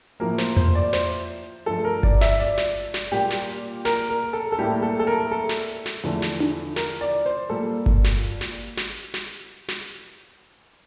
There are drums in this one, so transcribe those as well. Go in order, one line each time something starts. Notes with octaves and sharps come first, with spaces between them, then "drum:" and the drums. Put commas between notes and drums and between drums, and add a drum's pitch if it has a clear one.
A2 F3 A#3 A#4
C5, drum: snare
C5, drum: tom E2
D5
C5, drum: snare
G2 F3 A3 A4
A#4
D5, drum: kick G1
E5, drum: snare
D5
drum: snare
drum: snare
A#2 G3 A#3 G4
drum: snare
A#4, drum: snare
A#4
A4
A4
A2 G3 A#3 G4
A4
A4
A#4
A4
drum: snare
drum: snare
E2 D3 F3 A3
drum: snare
drum: tom D4
A#4, drum: snare
D5
C5
A#2 G3 A#3 A4
drum: kick G1
drum: snare
drum: snare
drum: snare
drum: snare
drum: snare